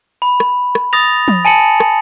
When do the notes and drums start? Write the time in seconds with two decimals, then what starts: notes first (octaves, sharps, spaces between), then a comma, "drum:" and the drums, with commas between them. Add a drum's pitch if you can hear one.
0.22 B5
0.40 drum: rim click
0.75 drum: rim click
0.93 D#6 A6 A#6 F7
1.28 drum: tom F3
1.45 G#5 A5 C#7 F#7
1.80 drum: rim click